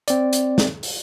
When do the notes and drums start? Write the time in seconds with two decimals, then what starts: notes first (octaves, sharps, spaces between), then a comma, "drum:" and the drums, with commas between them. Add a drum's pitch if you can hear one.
0.08 C4 D5, drum: hi-hat
0.33 drum: hi-hat
0.58 drum: snare
0.83 drum: open hi-hat